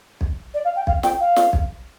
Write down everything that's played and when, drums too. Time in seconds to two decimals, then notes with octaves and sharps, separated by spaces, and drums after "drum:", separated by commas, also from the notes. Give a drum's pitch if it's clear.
0.21 drum: kick B1
0.54 D5
0.65 F5
0.76 G5
0.87 F5, drum: kick B1
1.03 G5, drum: snare
1.20 F5
1.36 drum: snare
1.53 drum: kick B1